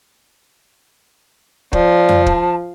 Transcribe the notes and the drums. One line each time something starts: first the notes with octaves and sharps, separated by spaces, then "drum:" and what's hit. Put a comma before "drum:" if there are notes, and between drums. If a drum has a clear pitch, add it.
F3 D5, drum: kick
drum: tom F2
A5, drum: kick